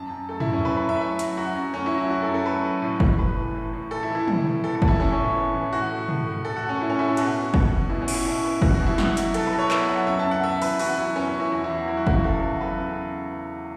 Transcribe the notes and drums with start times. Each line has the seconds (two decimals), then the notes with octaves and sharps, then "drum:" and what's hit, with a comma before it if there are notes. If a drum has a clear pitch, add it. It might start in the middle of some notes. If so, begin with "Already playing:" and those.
Already playing: F#2 A5
0.10 F#2
0.29 A3 A4
0.40 E4, drum: tom
0.47 F#3
0.53 C#4
0.65 F#2 B4
0.76 B4
0.83 F#2
0.89 E5
1.01 A3 E5
1.19 F#3, drum: hi-hat
1.37 F#2 F#4
1.55 F#2
1.73 A3 C#4
1.86 E4
1.92 F#3
1.98 E4
2.10 F#2 F#4
2.22 A4
2.28 F#2
2.34 A4
2.46 A3 B4
2.64 F#3
2.82 A2
3.00 A2, drum: kick
3.18 A3 B4
3.37 E3
3.54 A2
3.73 A2
3.91 A3 A4
4.03 E4
4.10 E3
4.15 E4
4.28 A2, drum: tom
4.45 A2
4.64 B3 A4
4.76 A4
4.82 E3, drum: kick
4.88 E4
5.00 A2 C#4
5.12 C#4
5.18 A2
5.24 E4
5.36 B3
5.54 E3
5.73 A2 F#4
5.91 A3
6.08 A2, drum: tom
6.26 A3
6.45 A2 A4
6.56 F#4
6.62 A3
6.69 C#4
6.81 A2 E4
6.90 C#4
6.99 A3 E4
7.08 A4
7.17 B2 F#4, drum: cymbal
7.35 B3
7.54 B2, drum: kick
7.71 B3
7.89 B2 E4
8.02 C#4
8.08 B3, drum: cymbal
8.14 E4
8.26 B2 C#4
8.44 B3
8.62 B2 F#4, drum: kick
8.74 F#4
8.80 B2
8.87 E4
8.98 B3 F#4, drum: snare
9.17 F#3, drum: hi-hat
9.34 B2 A4, drum: cymbal
9.47 B4
9.52 B2
9.59 C#5
9.71 B3 E5, drum: clap
9.89 F#3 F#5
10.07 F#2 E5
10.19 A5
10.25 F#2
10.31 F#5
10.43 B3 E5
10.62 E3 B4, drum: open hi-hat
10.79 F#2 F#4, drum: open hi-hat
10.98 F#2 E4
11.16 B3 C#4
11.28 C#4
11.34 E3
11.40 E4
11.52 E2 E4
11.64 E4
11.70 E2
11.88 F#3 E4
11.97 F#4
12.07 C#3 E4, drum: kick
12.16 F#4
12.24 E2 A4
12.42 E2
12.60 F#3 B4
12.79 C#3